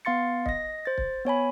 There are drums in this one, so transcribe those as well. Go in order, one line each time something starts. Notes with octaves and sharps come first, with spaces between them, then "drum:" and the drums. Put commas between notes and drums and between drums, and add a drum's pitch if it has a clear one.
B3 F5 C6 A6 C#7
D#5 A#6, drum: kick
C5 A6
drum: kick
B3 C#5 G#5 B5